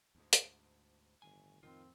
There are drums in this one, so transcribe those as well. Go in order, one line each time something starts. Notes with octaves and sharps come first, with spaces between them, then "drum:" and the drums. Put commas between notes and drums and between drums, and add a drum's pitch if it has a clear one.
D2 G#2
drum: hi-hat
G1 A2 D#3 G#5
F2 A2 D#3 F3 C4 F4